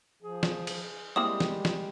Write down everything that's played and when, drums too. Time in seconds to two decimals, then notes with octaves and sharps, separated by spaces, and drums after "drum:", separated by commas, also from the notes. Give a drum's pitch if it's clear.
0.23 F3 G#4
0.43 drum: snare
0.67 drum: cymbal
1.16 G3 G#3 A#3 C4 E4 D#6
1.40 drum: snare
1.65 drum: snare